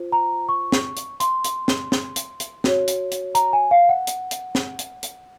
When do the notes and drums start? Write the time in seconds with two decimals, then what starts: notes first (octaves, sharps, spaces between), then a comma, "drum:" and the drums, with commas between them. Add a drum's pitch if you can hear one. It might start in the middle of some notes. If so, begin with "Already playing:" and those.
Already playing: F4 C5
0.12 A#5
0.49 C#6
0.72 drum: snare
0.96 drum: hi-hat
1.20 C6, drum: hi-hat
1.44 drum: hi-hat
1.68 drum: snare
1.92 drum: snare
2.16 drum: hi-hat
2.40 drum: hi-hat
2.64 F#4 C#5, drum: snare
2.88 drum: hi-hat
3.11 drum: hi-hat
3.35 A#5, drum: hi-hat
3.53 G#5
3.71 F5
3.89 F#5
4.07 drum: hi-hat
4.31 drum: hi-hat
4.55 drum: snare
4.79 drum: hi-hat
5.03 drum: hi-hat